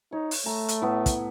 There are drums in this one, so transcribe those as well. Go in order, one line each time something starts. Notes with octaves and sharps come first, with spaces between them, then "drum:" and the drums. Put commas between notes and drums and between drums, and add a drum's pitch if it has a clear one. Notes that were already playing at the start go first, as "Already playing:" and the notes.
D#4 C#5
drum: open hi-hat
A3 A#5
drum: hi-hat
A2 B3
drum: kick, hi-hat